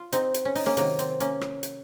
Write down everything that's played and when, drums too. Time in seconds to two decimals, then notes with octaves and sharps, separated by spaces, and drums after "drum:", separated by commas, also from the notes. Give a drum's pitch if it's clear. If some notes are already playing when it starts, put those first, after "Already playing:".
Already playing: F4
0.12 C4 D#4, drum: hi-hat
0.34 drum: hi-hat
0.45 C#4
0.55 D#4, drum: open hi-hat
0.66 A#3 C#4
0.77 C3 D#3 F#3 A#3, drum: hi-hat
0.99 C4, drum: hi-hat
1.20 A#3 C#4, drum: hi-hat
1.41 drum: rim click
1.63 drum: hi-hat